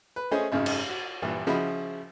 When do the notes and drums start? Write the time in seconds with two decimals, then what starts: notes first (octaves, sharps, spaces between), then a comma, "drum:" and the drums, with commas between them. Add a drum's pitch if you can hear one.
0.16 B4
0.31 A3 C#4 G#4 C5 D#5
0.52 G#1 F#2 C#3 D#4
0.66 drum: cymbal
0.89 F#4
1.22 A#1 G2 E3
1.47 C#3 F3 E4 F#4 D#5 B5